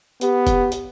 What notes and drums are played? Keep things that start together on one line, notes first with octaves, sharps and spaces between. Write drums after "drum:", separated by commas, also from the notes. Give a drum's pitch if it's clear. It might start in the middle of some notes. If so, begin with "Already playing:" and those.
B3 G4, drum: hi-hat
drum: kick, hi-hat
drum: hi-hat